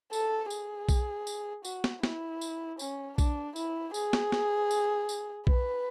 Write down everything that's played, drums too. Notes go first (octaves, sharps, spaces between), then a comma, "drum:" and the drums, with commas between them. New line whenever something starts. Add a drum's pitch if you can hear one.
A4, drum: tambourine
G#4, drum: tambourine
drum: kick B1, tambourine
drum: tambourine
F#4, drum: tambourine
drum: snare
E4, drum: snare
drum: tambourine
C#4, drum: tambourine
D4, drum: kick B1, tambourine
E4, drum: tambourine
G#4, drum: tambourine
drum: snare
drum: snare
drum: tambourine
drum: tambourine
B4, drum: kick B1